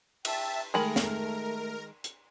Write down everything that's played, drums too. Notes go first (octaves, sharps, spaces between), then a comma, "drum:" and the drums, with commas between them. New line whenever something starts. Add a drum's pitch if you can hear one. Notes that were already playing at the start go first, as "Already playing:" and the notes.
E5 G5 A5, drum: cymbal
D#3 G#3 A3 A#4 B5
drum: snare
drum: hi-hat